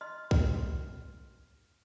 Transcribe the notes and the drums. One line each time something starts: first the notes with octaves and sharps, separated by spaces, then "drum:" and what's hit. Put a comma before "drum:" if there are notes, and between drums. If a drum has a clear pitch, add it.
D#5 C6 F6
drum: kick